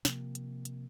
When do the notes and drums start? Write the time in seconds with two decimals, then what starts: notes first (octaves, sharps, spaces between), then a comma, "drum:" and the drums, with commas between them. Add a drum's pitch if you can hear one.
0.05 C3 F3 A#3, drum: snare
0.35 drum: hi-hat
0.65 drum: hi-hat